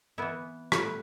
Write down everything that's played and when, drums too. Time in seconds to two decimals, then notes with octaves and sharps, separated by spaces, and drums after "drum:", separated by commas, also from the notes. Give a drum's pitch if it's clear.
0.18 E3 B3 E4
0.72 A2 G3 E4 G4 B4, drum: rim click